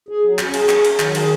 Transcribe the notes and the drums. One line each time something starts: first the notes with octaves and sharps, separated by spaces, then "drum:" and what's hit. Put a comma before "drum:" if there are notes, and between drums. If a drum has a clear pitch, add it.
G#4
F#3
C#4, drum: clap
G#4, drum: cymbal
G#4, drum: clap
G#4, drum: cymbal
D#3 F#3, drum: clap
G#4, drum: cymbal